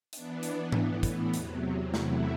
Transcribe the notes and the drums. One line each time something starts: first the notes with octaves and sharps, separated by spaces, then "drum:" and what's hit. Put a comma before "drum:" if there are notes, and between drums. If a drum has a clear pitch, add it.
E3 B3 D4, drum: hi-hat
drum: hi-hat
A2 E3 B3, drum: tom G#2
drum: kick, hi-hat
E2 C3 F#3, drum: hi-hat
E2 C3 F#3 A3 E4, drum: snare